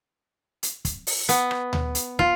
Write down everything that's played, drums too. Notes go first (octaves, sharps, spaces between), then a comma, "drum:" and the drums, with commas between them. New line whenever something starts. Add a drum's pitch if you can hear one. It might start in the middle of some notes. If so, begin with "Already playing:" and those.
drum: hi-hat
drum: kick, hi-hat
drum: open hi-hat
B3, drum: hi-hat
drum: rim click
drum: tom D2
drum: hi-hat
F4, drum: kick